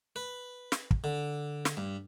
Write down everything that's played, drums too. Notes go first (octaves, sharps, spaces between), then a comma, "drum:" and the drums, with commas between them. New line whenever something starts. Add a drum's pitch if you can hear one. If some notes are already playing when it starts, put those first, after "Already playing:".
B4
drum: snare
drum: kick
D3
drum: snare
G2